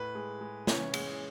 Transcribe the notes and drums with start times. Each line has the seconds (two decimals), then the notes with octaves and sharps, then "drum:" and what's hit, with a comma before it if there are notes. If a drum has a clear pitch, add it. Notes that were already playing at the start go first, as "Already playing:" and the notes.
Already playing: A2 B4
0.15 G#3
0.41 G#3
0.67 E3 C#4, drum: snare
0.94 G#3, drum: cymbal